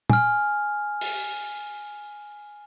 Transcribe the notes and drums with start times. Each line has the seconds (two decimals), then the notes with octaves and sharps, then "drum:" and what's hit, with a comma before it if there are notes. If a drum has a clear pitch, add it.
0.10 G#5 F6, drum: tom
1.01 drum: open hi-hat